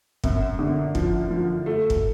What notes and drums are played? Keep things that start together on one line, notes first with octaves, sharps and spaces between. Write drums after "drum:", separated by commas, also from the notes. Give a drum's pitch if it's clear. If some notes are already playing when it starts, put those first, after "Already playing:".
F#2, drum: kick
D3
F3, drum: kick
F3
A3
drum: kick